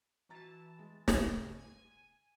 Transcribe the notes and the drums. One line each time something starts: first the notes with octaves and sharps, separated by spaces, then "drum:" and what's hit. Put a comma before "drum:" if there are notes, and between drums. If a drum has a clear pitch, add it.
E3 F#4 A5 A#5 A6
G#3
G2 C#3, drum: snare
G#5